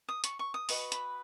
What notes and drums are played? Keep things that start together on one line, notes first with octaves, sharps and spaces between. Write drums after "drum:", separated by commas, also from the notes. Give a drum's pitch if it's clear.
D#6
C#6, drum: hi-hat
C#6
D#6
F#4 B4 D#5 C#6, drum: open hi-hat
B5, drum: hi-hat